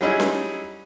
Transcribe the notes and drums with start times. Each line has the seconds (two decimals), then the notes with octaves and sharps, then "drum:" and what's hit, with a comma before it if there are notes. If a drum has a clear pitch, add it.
0.01 F#3 G3 C#4 D#4 E4 G#4
0.20 drum: snare C#4